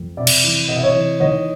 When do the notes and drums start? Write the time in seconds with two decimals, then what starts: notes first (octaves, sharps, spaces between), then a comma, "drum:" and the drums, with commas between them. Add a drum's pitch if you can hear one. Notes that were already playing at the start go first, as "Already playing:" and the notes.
Already playing: F2
0.17 C3 D5 E5
0.27 drum: cymbal
0.43 E3
0.68 C3 D#5
0.76 E5
0.83 C#5 D#5
0.95 E3
1.20 D#2 C#5 D#5